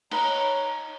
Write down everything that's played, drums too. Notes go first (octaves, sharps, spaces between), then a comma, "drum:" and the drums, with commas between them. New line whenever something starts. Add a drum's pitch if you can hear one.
D#4 B4 C#5 A#5, drum: cymbal